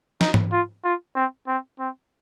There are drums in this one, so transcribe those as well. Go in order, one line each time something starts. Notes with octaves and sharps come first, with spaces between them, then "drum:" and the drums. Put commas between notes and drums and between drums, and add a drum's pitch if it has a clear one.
D#4, drum: snare
drum: tom G#2
F4
F4
C4
C4
C4